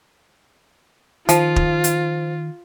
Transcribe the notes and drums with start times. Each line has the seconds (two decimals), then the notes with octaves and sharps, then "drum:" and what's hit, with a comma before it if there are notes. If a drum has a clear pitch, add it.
1.29 D#3 F3 F4, drum: hi-hat
1.56 drum: kick
1.84 drum: hi-hat